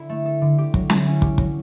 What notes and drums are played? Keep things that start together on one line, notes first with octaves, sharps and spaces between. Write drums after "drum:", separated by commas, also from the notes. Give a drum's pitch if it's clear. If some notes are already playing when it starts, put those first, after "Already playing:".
Already playing: D3 E4 A4
A3
A4
D3
G4
F#3, drum: kick
E4, drum: snare
C#4
G4, drum: kick
F#3, drum: kick